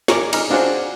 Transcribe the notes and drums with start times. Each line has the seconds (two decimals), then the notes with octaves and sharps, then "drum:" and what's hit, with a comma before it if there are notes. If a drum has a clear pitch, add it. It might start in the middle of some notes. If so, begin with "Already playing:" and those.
0.08 G#4 A#4 C#5 D5, drum: snare
0.33 D#4 G#4 A#5 F6, drum: cymbal
0.50 C4 D4 F4 F#4 G#4 C5